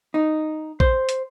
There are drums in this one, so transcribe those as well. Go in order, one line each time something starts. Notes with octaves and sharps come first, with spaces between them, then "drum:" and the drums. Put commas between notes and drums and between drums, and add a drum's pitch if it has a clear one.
D#4
C5, drum: kick A#1
drum: hi-hat